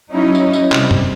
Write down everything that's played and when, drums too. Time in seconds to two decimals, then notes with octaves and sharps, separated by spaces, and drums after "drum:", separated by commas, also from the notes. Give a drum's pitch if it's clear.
0.12 F#3 C#4 D#4 E4
0.35 drum: tambourine
0.53 drum: tambourine
0.72 C3 G3, drum: clap
0.91 drum: tom